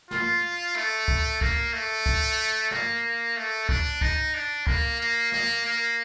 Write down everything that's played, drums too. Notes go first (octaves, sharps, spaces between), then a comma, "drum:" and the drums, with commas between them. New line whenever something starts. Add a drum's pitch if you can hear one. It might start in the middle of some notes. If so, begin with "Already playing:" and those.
F4, drum: snare
A3
drum: kick
A#3, drum: kick
A3
drum: kick
A#3, drum: snare
A3
D4, drum: kick
D#4, drum: kick
D4
A#3, drum: kick
A#3
A#3, drum: snare
A#3